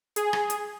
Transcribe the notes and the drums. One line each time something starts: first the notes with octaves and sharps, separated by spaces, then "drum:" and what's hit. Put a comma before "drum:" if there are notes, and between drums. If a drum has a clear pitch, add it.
G#4, drum: hi-hat
drum: rim click
drum: hi-hat